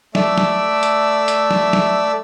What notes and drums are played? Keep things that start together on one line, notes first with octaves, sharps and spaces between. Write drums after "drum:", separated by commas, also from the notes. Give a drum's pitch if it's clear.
A3 D5 E5 E6, drum: snare
drum: snare
drum: hi-hat
drum: hi-hat
drum: snare
drum: snare